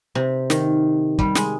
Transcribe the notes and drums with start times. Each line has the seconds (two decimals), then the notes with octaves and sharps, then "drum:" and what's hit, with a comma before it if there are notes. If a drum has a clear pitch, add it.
0.15 C3
0.50 D#3, drum: snare
1.19 G3, drum: kick
1.35 G#3, drum: snare